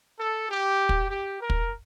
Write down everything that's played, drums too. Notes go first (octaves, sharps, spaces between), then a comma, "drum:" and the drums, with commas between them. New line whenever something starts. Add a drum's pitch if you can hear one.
A4
G4
drum: kick
G4
A#4
drum: kick